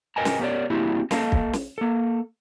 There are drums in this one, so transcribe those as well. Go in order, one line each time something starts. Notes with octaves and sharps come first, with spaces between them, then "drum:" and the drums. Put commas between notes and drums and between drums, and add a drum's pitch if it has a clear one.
A#4 B4 D#5 G5 G#5 A#5
drum: snare
B3 G4 A#4 C#5 D5
A#3 C4 D4 E4 F#4 G4
A#3 A4 D#5 F5 A5 A#5, drum: snare
drum: kick
drum: snare
A#3 A4